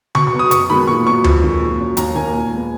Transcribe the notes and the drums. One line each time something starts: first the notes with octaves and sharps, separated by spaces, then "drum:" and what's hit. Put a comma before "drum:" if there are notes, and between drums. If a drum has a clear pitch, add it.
B2 C#6, drum: tom C#3
C#6
F#3 B3
D#6
F#2 C#6, drum: hi-hat
D#3 G#3 B3 B5
A#2 C#6
F#3 B3 C#6
F2, drum: tom D2
D#3 G#3
A#2
F#3 C#4
D#2 A#5, drum: hi-hat
D#3 A#3 G#5
A#2
G#3 B3